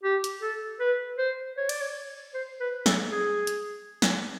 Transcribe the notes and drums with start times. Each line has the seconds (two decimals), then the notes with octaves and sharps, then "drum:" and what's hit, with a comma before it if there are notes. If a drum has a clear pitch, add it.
0.03 G4
0.24 drum: hi-hat
0.41 A4
0.80 B4
1.18 C5
1.57 C#5
1.69 D5, drum: cymbal
1.81 C#5
2.34 C5
2.60 B4
2.86 A4, drum: snare
3.12 G#4
3.47 drum: hi-hat
4.02 drum: snare